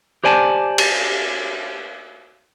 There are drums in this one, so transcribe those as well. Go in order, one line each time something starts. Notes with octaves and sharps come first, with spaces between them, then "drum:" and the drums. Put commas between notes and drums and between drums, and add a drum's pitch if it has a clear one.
G4 C5 D5 G#5 A5
drum: cymbal